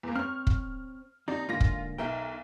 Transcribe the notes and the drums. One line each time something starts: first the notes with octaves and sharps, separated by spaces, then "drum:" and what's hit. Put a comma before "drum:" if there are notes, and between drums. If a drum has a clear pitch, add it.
E2 A#3
C4 C#5 F6
drum: kick
D#2 C4 D#4 D5
G#2 D3 A#3 F4 A#6
drum: kick
B1 D#4 A#4 E5 G5